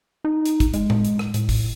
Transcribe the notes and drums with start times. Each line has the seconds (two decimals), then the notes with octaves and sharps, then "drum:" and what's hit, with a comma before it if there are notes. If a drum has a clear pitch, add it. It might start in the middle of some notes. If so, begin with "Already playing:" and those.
0.25 D#4
0.46 drum: hi-hat
0.60 drum: kick, hi-hat
0.74 G#3, drum: hi-hat
0.90 drum: tom A2
1.05 drum: hi-hat
1.19 drum: rim click
1.34 A2, drum: hi-hat
1.49 drum: kick, open hi-hat